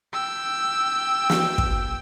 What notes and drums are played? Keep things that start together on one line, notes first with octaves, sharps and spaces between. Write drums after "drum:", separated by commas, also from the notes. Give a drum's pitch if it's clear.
G5 E6
drum: snare
drum: kick